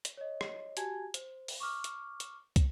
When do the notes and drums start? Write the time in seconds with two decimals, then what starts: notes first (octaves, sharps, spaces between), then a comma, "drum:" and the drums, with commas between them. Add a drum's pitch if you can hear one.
0.05 drum: hi-hat
0.17 C#5 D#5
0.41 drum: rim click
0.77 F#4 G4 G#5 A5 G#6, drum: hi-hat
1.14 C5, drum: hi-hat
1.48 drum: open hi-hat
1.60 C#6 D6 F6
1.84 drum: hi-hat
2.20 drum: hi-hat
2.56 drum: kick, hi-hat